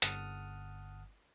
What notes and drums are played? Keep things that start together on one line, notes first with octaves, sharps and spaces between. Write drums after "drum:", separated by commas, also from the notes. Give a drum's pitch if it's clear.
G1 F#5 A5 D#6 F6, drum: hi-hat